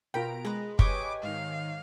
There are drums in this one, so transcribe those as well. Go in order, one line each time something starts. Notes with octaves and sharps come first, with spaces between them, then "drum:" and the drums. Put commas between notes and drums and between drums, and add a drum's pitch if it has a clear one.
B2 F4 A#4 G5 A#5 B5 D7
G#3 G#4 B4 A#5
G4 B4 C#5 D#5 G#5 D6, drum: kick
G#2 D#3 F5